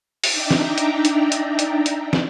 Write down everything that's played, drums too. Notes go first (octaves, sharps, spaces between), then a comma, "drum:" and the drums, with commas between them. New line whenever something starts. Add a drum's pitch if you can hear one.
D4 D#4 D5 E5 G5 A#5, drum: open hi-hat
drum: snare
drum: hi-hat
drum: hi-hat
drum: hi-hat
drum: hi-hat
drum: hi-hat
drum: snare